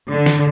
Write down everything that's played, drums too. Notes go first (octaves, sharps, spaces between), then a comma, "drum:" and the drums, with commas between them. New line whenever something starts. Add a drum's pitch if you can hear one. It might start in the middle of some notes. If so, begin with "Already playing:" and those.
D3
drum: snare